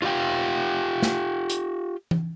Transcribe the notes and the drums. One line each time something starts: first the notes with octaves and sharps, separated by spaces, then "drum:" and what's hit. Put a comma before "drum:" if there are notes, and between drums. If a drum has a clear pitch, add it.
F4 G4 E5 F5 G5
drum: snare
drum: hi-hat
drum: tom E3